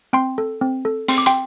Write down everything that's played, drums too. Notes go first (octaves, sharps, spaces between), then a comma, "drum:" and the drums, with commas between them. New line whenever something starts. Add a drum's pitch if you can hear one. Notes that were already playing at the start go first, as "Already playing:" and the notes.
C4 G5 C6
A4
C4
A4
C4 C6, drum: open hi-hat
D6
G5 C6, drum: hi-hat